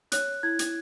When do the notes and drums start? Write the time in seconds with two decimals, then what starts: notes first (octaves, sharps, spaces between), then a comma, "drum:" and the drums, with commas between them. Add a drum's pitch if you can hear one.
0.12 C#5 F#6, drum: hi-hat
0.43 E4 G#6
0.59 drum: hi-hat